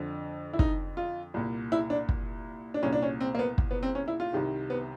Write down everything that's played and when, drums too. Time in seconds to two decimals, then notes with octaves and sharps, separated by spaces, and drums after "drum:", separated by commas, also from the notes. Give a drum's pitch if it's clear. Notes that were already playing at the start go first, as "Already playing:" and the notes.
Already playing: F2 D3
0.53 E4
0.59 D#4, drum: kick
0.97 F4
1.34 C2 A#2
1.72 E4
1.90 D4
2.09 drum: kick
2.74 D4
2.83 C2 A#2 C#4
2.93 D4
3.02 C#4
3.21 C4
3.35 A#3
3.39 B3
3.58 drum: kick
3.71 B3
3.83 C4
3.95 C#4
4.08 E4
4.20 F4
4.33 C2 C3 D#3
4.70 B3